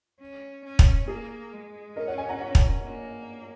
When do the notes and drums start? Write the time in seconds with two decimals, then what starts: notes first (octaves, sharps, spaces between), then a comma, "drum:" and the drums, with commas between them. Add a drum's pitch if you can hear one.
0.20 C#4
0.64 C#4
0.79 drum: kick
1.08 A#3 G#4
1.53 G#3
1.96 C#4 A#4 D#5
2.07 C#5 F#5
2.18 D#5 G#5
2.29 F#5 A#5
2.40 C#5 F#5
2.55 drum: kick
2.84 A#3